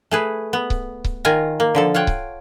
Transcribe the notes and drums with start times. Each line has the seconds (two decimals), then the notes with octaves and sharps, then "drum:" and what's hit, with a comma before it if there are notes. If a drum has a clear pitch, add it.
0.11 A3 G#4 B4
0.53 B3
0.70 drum: kick C#1
1.04 drum: kick C#1
1.25 D#3 F4 A#4 G#5 A#5
1.60 A#3
1.75 D3 F3 A4
1.94 F4 C#5 F#5 G5
2.07 drum: kick C#1